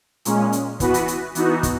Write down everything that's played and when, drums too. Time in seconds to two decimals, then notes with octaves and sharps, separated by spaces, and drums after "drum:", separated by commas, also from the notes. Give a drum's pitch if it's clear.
0.25 A#2 G#3 C#4, drum: hi-hat
0.53 drum: hi-hat
0.80 E3 B3 F#4 B4, drum: kick, hi-hat
0.94 drum: hi-hat
1.08 drum: hi-hat
1.35 E3 B3 D#4 F#4, drum: hi-hat
1.63 drum: kick, hi-hat